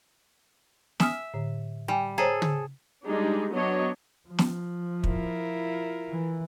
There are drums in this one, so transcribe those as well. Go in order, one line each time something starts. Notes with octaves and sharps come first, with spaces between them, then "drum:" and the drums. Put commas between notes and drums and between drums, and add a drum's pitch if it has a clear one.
E5 G#5 D#6 F6, drum: snare
A2 D3
G3 G5 G#5
G#4 A4 C5 C#5 A#5
drum: tom
G3 G#3 D4 D#4 G#4
F#3 B3 D4 C#5 D#5
F3
drum: snare
E4 F4 A#4, drum: kick
E3